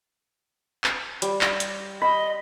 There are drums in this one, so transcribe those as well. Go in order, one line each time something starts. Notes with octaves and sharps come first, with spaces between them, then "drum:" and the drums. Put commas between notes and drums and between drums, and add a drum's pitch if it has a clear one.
drum: clap
G3, drum: hi-hat
drum: clap
drum: hi-hat
D#5 B5